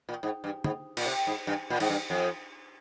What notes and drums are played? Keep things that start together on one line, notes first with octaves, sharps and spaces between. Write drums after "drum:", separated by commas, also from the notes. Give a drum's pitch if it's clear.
A#2
G#2
G2
G#2, drum: tom
A#2, drum: cymbal
C3
G#2
G2
A#2
G#2, drum: cymbal
G2
F2